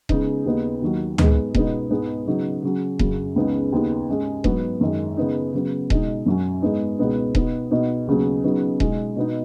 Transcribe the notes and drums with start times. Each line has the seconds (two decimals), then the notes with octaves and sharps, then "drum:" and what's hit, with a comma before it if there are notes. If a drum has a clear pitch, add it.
0.09 C#3 G#3 B3 D#4, drum: kick D#1
0.46 D#2 C#3 B3 D#4
0.82 D#2 D#3 F#3
1.18 G#2 G#3 B3 D#4, drum: tom D2
1.54 C#2 B2 B3 D#4, drum: kick D#1
1.91 G#2 G#3 B3 D#4
2.27 C#3 F#3 B3 D#4
2.63 C#3 F#3 C#4
2.99 F#2 C#3 F#3, drum: kick D#1
3.36 C#2 C#3 B3 D#4
3.72 D#2 C#3 B3 D#4
4.09 G#2 G#3 C#4
4.44 G#2 F#3 B3 D#4, drum: kick D#1
4.81 F#2 D#3 G#3
5.17 C#3 B3 D#4
5.53 C#3 F#3 B3
5.90 B2 G#3 D#4, drum: kick D#1
6.26 F#2 F#3 C#4
6.62 G#2 G#3 B3 D#4
6.99 C#2 B2 B3 D#4
7.35 B2 B3 D#4, drum: kick D#1
7.71 B2 B3 D#4
8.07 D#2 C#3 F#3 B3
8.44 C#3 F#3 B3 D#4
8.80 B2 G#3 D#4, drum: kick D#1
9.16 B2 B3 D#4